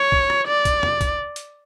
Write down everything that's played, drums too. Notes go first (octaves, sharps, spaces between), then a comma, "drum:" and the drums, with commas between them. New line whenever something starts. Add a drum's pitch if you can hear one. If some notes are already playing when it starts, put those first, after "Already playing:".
Already playing: C#5
drum: kick
drum: rim click
D5
drum: kick, hi-hat
drum: tom
drum: kick, hi-hat
drum: hi-hat